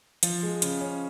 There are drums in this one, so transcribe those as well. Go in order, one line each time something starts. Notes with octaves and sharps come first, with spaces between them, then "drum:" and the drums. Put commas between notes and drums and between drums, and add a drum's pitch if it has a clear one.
F3, drum: hi-hat
G#3
C#3, drum: hi-hat
C#4